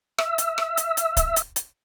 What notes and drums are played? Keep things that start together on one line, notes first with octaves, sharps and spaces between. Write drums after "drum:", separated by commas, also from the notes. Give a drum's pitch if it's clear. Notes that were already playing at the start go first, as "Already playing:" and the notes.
E5 E6, drum: rim click
drum: hi-hat
drum: rim click
drum: hi-hat
drum: hi-hat
drum: kick C#1, hi-hat
drum: hi-hat
drum: hi-hat